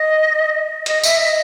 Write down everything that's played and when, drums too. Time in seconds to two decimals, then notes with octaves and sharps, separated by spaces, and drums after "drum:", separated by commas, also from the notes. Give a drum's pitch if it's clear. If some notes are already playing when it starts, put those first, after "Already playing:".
Already playing: D#5
0.86 D#5, drum: hi-hat
1.04 E5, drum: tambourine
1.21 E5
1.25 D#5